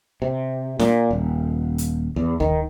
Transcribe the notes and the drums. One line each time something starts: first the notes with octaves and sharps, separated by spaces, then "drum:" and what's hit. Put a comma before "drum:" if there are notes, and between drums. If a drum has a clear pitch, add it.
C3
A#2, drum: snare
D#1
drum: hi-hat
E2
D#3, drum: kick D2